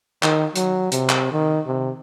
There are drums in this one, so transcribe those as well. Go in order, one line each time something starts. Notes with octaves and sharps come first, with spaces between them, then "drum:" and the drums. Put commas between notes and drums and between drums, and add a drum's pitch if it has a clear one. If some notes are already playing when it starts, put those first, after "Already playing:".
D#3, drum: clap
F#3, drum: hi-hat
C3, drum: hi-hat
drum: clap
D#3
C3